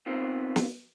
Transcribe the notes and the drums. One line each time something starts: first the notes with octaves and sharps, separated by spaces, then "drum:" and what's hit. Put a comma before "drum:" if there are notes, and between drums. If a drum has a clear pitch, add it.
B3 C4 D#4 F4 A#4 C5
drum: snare